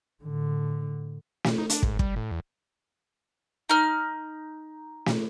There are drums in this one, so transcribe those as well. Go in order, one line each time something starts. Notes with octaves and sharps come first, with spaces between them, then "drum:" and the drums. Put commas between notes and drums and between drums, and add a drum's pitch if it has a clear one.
A2 D3
drum: snare
D#4
D4, drum: hi-hat
G#2, drum: kick
G3, drum: kick
A2
E2
D#4 F6
drum: snare